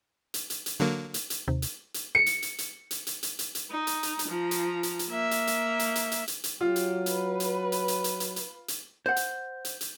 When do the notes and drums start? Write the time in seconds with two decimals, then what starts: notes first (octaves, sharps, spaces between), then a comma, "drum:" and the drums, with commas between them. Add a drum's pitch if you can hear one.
0.34 drum: hi-hat
0.50 drum: hi-hat
0.66 drum: hi-hat
0.80 D3 F#3 A#3
1.14 drum: hi-hat
1.30 drum: hi-hat
1.48 D#2 C3
1.62 drum: hi-hat
1.94 drum: hi-hat
2.15 C#7
2.26 drum: hi-hat
2.42 drum: hi-hat
2.58 drum: hi-hat
2.91 drum: hi-hat
3.07 drum: hi-hat
3.23 drum: hi-hat
3.39 drum: hi-hat
3.55 drum: hi-hat
3.71 D#4
3.87 drum: hi-hat
4.03 drum: hi-hat
4.19 drum: hi-hat
4.28 F3 A#5
4.51 drum: hi-hat
4.83 drum: hi-hat
4.99 drum: hi-hat
5.10 A#3 E5
5.31 drum: hi-hat
5.47 drum: hi-hat
5.79 drum: hi-hat
5.95 drum: hi-hat
6.12 drum: hi-hat
6.28 drum: hi-hat
6.44 drum: hi-hat
6.61 F#3 F4 G4
6.76 drum: hi-hat
7.06 B4, drum: hi-hat
7.40 drum: hi-hat
7.72 drum: hi-hat
7.88 drum: hi-hat
8.04 drum: hi-hat
8.20 drum: hi-hat
8.36 drum: hi-hat
8.68 drum: hi-hat
9.06 C5 F#5 G6
9.16 drum: hi-hat
9.65 drum: hi-hat
9.81 drum: hi-hat